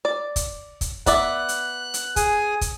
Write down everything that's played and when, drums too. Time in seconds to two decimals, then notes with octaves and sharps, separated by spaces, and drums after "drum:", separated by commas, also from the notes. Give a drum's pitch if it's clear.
0.05 D5
0.36 drum: kick, hi-hat
0.81 drum: kick, hi-hat
1.06 B3 D5 E5 F#6, drum: kick, hi-hat
1.49 drum: hi-hat
1.94 drum: hi-hat
2.16 G#4 G#5, drum: kick, hi-hat
2.61 drum: kick, hi-hat